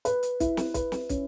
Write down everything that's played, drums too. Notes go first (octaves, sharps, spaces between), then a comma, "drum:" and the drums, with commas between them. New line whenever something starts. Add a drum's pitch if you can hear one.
B4, drum: hi-hat
drum: hi-hat
E4, drum: kick, hi-hat
drum: snare
B4, drum: kick, hi-hat
drum: snare
C#4, drum: kick, hi-hat